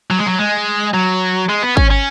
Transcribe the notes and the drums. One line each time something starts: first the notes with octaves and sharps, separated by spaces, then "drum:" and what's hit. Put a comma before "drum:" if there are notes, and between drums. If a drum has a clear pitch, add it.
F#3
G#3
F#3
G#3
F#3
G#3
B3
C#4, drum: kick G#1
C#4